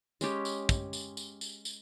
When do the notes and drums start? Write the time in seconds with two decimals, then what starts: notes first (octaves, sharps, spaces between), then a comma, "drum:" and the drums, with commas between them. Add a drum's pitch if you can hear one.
0.21 G#3 C#4 G4, drum: tambourine
0.45 drum: tambourine
0.69 drum: kick, tambourine
0.93 drum: tambourine
1.17 drum: tambourine
1.41 drum: tambourine
1.65 drum: tambourine